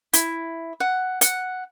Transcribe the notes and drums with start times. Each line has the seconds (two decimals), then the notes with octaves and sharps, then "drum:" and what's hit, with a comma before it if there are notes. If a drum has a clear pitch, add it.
0.13 E4, drum: hi-hat
0.80 F#5
1.21 F#5, drum: hi-hat